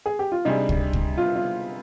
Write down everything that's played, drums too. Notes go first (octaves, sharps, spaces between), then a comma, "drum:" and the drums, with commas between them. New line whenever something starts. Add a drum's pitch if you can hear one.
G#4
G4
F4
C3 G3 D4 D#4 G#4
drum: kick
drum: kick
F4
F4